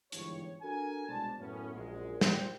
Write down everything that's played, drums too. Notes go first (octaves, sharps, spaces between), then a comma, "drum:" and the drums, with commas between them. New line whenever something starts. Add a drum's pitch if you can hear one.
G1 G#2 E3 F3 G4 C#5, drum: hi-hat
D4 F#4 A4 A#4 G#5
C2 B2 G#3 D4 C5 A5
F#2 A2 B3 C#4
A#1 F#2 G#3
A#1 C5 G5, drum: snare